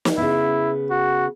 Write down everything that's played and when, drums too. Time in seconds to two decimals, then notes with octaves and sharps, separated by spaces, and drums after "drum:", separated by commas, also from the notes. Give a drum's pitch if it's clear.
0.05 drum: snare
0.18 C#3 B3 E4
0.91 F#4